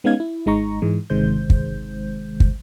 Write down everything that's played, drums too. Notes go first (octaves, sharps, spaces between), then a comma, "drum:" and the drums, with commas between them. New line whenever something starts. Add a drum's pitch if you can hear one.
G#3 B3 C#4 D#4 F5 G#6
E4
G#1 G#3 D#4 A#5 C#6
G#2 E3 G#3
G1 C3 D#3 G#3 C5 G6
drum: kick
drum: kick